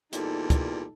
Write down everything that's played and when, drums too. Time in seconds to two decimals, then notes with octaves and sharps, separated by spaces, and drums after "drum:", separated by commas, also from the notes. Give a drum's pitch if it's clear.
0.13 E2 A#2 G3 D#4 A4, drum: hi-hat
0.50 drum: kick, hi-hat